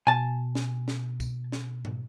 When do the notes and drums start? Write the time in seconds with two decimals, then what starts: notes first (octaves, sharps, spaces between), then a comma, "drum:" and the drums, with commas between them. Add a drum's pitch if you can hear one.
0.07 B2 G#5 A5
0.55 drum: snare
0.88 drum: snare
1.20 drum: kick, tambourine
1.52 drum: snare
1.85 drum: tom G#2